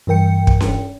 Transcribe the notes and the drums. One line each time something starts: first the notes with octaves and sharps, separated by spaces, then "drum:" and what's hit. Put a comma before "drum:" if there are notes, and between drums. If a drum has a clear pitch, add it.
G2 E3 A#4 G5 C#7
drum: kick
drum: snare C#4